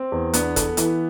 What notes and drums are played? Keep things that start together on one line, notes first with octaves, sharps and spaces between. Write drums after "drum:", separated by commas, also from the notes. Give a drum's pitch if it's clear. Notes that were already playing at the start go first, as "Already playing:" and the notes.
Already playing: C4
E2
B3 D4, drum: hi-hat
A4, drum: kick, hi-hat
E3, drum: hi-hat